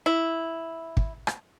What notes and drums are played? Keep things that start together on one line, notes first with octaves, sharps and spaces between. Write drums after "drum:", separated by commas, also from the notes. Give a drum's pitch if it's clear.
E4
drum: kick
drum: rim click